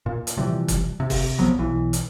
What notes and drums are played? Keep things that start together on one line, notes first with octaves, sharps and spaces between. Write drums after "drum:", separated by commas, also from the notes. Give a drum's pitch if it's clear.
A#2
drum: hi-hat
C3 E3 F3 G3
drum: kick F#1, hi-hat
C3
drum: kick F#1, open hi-hat
B1 F3 F#3 B3
B1 E3
drum: hi-hat